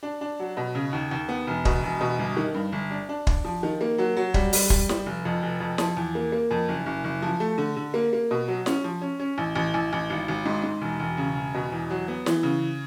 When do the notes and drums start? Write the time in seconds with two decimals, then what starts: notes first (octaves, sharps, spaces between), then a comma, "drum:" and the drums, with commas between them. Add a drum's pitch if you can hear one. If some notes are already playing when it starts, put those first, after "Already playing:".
0.03 D4
0.21 D4
0.40 F#3
0.57 B2
0.75 C#3
0.93 D#2
1.11 D#2
1.29 B3
1.47 E1
1.65 B2, drum: kick
1.83 E1
2.01 B2
2.19 G1
2.37 D#3
2.54 G2
2.72 G1
2.91 D4
3.09 D4
3.27 D4, drum: kick
3.44 F3
3.63 D#3
3.81 A#3
3.98 F#3
4.17 F#3
4.34 G3, drum: kick
4.53 G3, drum: open hi-hat
4.70 G3, drum: kick
4.89 G3, drum: snare
5.06 F1
5.25 F2
5.42 F1
5.60 F2
5.78 F3, drum: snare
5.97 E2
6.15 A#3
6.32 A#3
6.51 F2
6.68 F#1
6.86 F#1
7.04 F#1
7.22 F3
7.40 A3
7.58 D3
7.77 D3
7.94 A#3
8.13 A#3
8.31 B2
8.48 F#3
8.66 C#4, drum: snare
8.84 F3
9.02 C#4
9.19 C#4
9.38 A1
9.55 A1
9.74 A1
9.93 A1
10.10 G#1
10.28 G#1
10.45 G#2
10.63 G#2
10.81 E1
11.00 E1
11.17 C#3
11.35 E1
11.54 B2
11.72 E2
11.90 F#3
12.08 B3
12.26 E3, drum: snare
12.43 C#3